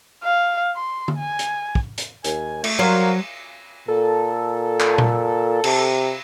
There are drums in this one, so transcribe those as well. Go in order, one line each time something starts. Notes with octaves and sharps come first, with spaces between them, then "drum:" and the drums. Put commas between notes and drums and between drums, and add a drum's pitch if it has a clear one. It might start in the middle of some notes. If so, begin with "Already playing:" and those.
F5
C6
drum: tom D3
G#5
drum: hi-hat
drum: kick
drum: hi-hat
D#2 G#5, drum: hi-hat
A3, drum: cymbal
F#3 A#4 C5 D5 F5
A#2 A4
drum: clap
drum: tom A#2
C3, drum: cymbal